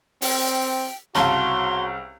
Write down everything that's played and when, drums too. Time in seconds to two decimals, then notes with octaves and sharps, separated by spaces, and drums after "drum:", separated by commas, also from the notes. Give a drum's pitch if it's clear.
0.22 C4 G5, drum: open hi-hat
1.15 C2 C#3 F#4 F5 A5 A#5 C6